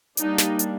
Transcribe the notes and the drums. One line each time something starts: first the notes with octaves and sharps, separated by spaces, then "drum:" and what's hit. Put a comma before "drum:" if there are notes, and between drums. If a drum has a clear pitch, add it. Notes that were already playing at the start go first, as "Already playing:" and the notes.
G3 A#3 D4 D#4, drum: hi-hat
drum: snare
drum: hi-hat